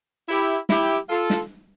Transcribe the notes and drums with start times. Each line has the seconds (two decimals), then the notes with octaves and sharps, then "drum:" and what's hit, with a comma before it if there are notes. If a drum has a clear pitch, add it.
0.28 E4 G4
0.69 E4 G4, drum: snare
1.10 F4 A4
1.30 drum: snare